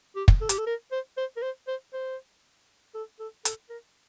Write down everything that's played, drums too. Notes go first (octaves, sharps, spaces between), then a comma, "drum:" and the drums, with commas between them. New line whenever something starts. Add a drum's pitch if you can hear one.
G4
drum: kick
A4
G4, drum: hi-hat
A4
A#4
C5
C5
A#4
C5
C5
C5
A4
A4
A4, drum: hi-hat
A#4